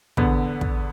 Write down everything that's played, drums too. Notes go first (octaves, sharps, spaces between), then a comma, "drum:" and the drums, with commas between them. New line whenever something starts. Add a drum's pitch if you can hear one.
E2 D3 B3, drum: kick
drum: kick